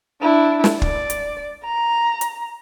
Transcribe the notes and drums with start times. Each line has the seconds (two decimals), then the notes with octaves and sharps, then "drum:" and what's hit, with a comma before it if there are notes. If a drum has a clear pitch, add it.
0.22 D4 E4
0.64 drum: snare
0.82 D5, drum: kick
1.10 drum: hi-hat
1.64 A#5
2.21 drum: hi-hat